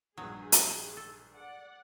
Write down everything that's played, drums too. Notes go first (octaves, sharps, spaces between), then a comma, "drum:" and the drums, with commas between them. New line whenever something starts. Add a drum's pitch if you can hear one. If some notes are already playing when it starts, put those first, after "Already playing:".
A#1 G2 F#3 G#4 D#6
drum: hi-hat
A4
D5 F#5